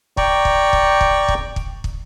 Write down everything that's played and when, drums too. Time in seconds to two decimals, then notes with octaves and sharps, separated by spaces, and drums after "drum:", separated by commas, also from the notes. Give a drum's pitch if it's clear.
0.17 D5 G5 A#5 C#6, drum: kick
0.45 drum: kick
0.73 drum: kick
1.01 drum: kick
1.28 drum: kick
1.56 drum: kick
1.84 drum: kick